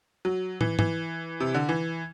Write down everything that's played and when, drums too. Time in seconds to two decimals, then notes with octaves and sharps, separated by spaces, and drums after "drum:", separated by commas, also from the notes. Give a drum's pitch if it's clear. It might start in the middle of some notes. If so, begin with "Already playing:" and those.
0.25 F#3
0.61 E3, drum: tom
0.79 E3, drum: tom G#2
1.40 C3
1.54 D3
1.69 E3